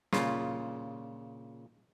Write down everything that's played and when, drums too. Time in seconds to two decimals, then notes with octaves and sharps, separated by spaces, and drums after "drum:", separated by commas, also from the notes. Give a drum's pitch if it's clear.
0.13 A#2 C#3 F4, drum: snare